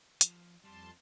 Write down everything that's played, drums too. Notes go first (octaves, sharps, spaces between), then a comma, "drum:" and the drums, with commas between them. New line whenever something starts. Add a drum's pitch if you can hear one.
F3, drum: hi-hat
F2 G3 A5 C6